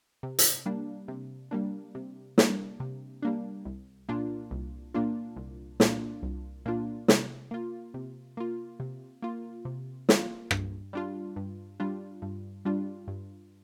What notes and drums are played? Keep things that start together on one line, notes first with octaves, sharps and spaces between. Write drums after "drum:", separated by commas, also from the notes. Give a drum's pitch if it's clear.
C3
drum: hi-hat
G3 A#3 D4
C3
G3 A#3 D4
C3
G3 A#3 D4, drum: snare
C3
G3 A#3 D4
C2
A#2 A#3 D4 F4
C2
A#2 A#3 D4 F4
C2
A#2 A#3 D4 F4, drum: snare
C2
A#2 A#3 D4 F4
C3, drum: snare
A#3 F4
C3
A#3 F4
C3
A#3 F4
C3
A#3 F4, drum: snare
G2, drum: rim click
G3 D4 F4
G2
G3 D4 F4
G2
G3 D4 F4
G2